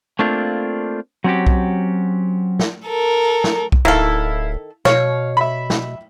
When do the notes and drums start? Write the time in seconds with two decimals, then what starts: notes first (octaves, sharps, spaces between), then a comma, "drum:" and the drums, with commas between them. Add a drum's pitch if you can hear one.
0.19 A3 A#3 C4 D4 F4
1.24 F#3 C4 C#4 F#4 G4
1.47 drum: kick B1
2.59 drum: snare
2.86 A4 A#4
3.44 drum: snare
3.72 drum: kick B1
3.85 D1 D#3 E4 A4 F5
4.85 B2 C#5 F5, drum: snare
5.37 E5 B5
5.70 drum: snare